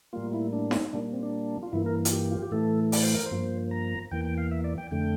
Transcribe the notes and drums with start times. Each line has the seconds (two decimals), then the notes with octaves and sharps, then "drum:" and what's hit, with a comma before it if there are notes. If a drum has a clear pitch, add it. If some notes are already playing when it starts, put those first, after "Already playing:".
0.13 A2 G3 A#3 F4
0.33 E4
0.53 D4
0.71 drum: snare D#4
0.93 A#2 G3 A#3 D4
1.13 C4
1.23 D4
1.63 F4
1.73 G2 E3 A#3 E4
1.86 A#4
2.05 F4, drum: hi-hat
2.12 G4
2.31 F4
2.42 G4
2.51 A2 E3 A3 A4
2.92 D5, drum: open hi-hat
3.03 C5
3.14 A#4
3.26 C5
3.31 G2 F3 A#3
3.71 A#5
4.11 E2 E3 A#3 G5
4.25 G5
4.38 F5
4.51 E5
4.64 D5
4.78 G5
4.91 F2 D3 A3 G5